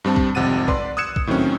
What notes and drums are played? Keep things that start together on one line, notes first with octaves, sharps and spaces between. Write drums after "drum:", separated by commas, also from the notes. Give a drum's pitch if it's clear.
G2 G3 C4 A5
drum: kick A#1
G#1 F2 C3 F#5 A6 D#7
B4 D5 C6, drum: kick A#1
D#6 E6 F#6 G#6 C#7 E7
drum: kick A#1
A2 D#3 F#3 C4 C#4